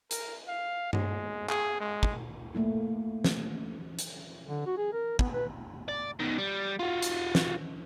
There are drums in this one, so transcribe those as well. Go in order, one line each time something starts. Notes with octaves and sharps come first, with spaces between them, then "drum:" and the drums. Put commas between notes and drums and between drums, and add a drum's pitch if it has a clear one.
A#4, drum: hi-hat
F5
G#3, drum: tom G2
G#4, drum: clap
G#3
drum: kick
A3 A#3 E4
drum: snare
drum: hi-hat
D3
F#4
G#4
A#4
B3, drum: kick
B4
D5
B2 D#3
G3
F4 F#4
drum: hi-hat
drum: snare